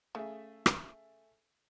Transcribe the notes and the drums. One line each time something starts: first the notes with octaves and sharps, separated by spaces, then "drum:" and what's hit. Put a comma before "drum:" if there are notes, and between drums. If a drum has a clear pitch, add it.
C#3 A3 G#4 E5
drum: rim click